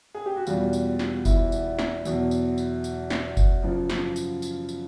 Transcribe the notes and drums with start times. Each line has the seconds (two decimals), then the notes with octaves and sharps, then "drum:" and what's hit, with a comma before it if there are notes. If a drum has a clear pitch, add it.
0.15 G#4
0.26 G4
0.36 F#4
0.47 E2 B2 G3 F4, drum: tambourine
0.73 drum: tambourine
0.99 drum: snare
1.25 E4, drum: kick F#1, tambourine
1.52 drum: tambourine
1.79 drum: snare
2.05 E2 B2 F#3, drum: tambourine
2.31 drum: tambourine
2.58 drum: tambourine
2.84 drum: tambourine
3.10 drum: snare
3.37 drum: kick F#1, tambourine
3.63 F#2 C#3 F3
3.90 drum: snare
4.16 drum: tambourine
4.42 drum: tambourine
4.69 drum: tambourine